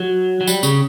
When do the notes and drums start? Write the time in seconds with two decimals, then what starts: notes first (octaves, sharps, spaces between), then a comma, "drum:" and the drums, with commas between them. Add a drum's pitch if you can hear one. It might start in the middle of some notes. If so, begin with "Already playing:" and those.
Already playing: F#3
0.41 F#3
0.47 G3, drum: tambourine
0.63 C#3, drum: tambourine